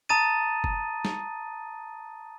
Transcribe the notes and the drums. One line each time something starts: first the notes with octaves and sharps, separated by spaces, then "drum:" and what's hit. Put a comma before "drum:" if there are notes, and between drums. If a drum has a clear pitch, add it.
A5 A#5 D#6 A6 D#7
drum: kick F#1
drum: snare